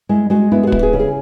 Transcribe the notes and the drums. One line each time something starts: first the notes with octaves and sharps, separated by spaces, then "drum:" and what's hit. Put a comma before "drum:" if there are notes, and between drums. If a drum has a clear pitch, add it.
G#3 E4
G#3 F#4
B3 E4
G#4
F#4
E4, drum: kick
G#4
C#3
G#4